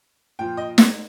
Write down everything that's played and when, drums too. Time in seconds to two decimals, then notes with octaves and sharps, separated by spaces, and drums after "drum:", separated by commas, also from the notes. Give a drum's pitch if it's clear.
0.39 A#2 F3 G5
0.57 D#5
0.78 drum: snare